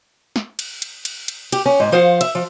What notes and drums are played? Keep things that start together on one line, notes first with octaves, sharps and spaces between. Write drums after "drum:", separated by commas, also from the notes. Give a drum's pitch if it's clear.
drum: snare
drum: cymbal
drum: cymbal
drum: cymbal
drum: cymbal
G4, drum: cymbal
C#4
G#2
F3 C5 F5 F#5
E5, drum: cymbal
F3